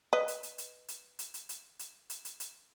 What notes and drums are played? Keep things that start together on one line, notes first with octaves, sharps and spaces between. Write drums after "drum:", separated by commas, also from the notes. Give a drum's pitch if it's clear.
B4 D#5
drum: hi-hat
drum: hi-hat
drum: hi-hat
drum: hi-hat
drum: hi-hat
drum: hi-hat
drum: hi-hat
drum: hi-hat
drum: hi-hat
drum: hi-hat
drum: hi-hat